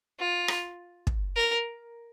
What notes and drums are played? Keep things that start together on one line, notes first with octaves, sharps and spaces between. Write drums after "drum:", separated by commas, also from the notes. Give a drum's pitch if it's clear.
F4
drum: rim click
drum: kick
A#4